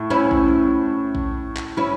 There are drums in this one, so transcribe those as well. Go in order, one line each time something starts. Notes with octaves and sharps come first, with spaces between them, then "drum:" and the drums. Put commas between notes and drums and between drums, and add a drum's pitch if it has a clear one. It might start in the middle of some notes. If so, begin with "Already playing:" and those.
Already playing: A2
C#4 E4
drum: kick A#1
drum: kick A#1
drum: clap
C#4 E4